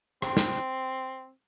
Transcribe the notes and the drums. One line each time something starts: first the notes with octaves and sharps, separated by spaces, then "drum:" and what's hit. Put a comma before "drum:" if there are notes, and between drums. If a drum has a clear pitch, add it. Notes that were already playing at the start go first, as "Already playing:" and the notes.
C4, drum: rim click
drum: snare